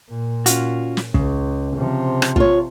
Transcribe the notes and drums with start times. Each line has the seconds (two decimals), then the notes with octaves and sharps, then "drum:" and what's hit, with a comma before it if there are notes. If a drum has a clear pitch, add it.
0.10 A#2
0.46 C#4 F4 F#4, drum: hi-hat
0.97 drum: snare
1.14 C#2 C#3, drum: kick
1.76 C3 F3
2.22 drum: rim click
2.36 F4 C#5, drum: kick